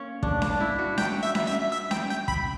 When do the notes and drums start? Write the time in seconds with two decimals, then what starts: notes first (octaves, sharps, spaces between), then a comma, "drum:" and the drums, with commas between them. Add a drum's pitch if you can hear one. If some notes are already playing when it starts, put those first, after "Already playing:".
Already playing: A#3 C#4
0.23 D4, drum: kick
0.42 D4, drum: snare C#4
0.60 E4
0.79 F#4
0.98 F#4 G5, drum: snare C#4
1.23 E5
1.35 drum: snare C#4
1.47 E5
1.72 E5
1.91 G5, drum: snare C#4
2.10 G5
2.28 B5, drum: kick